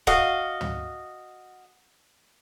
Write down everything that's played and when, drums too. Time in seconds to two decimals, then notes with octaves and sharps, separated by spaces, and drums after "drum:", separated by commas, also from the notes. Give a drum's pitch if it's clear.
0.07 F#4 D#5 F5, drum: kick
0.61 drum: tom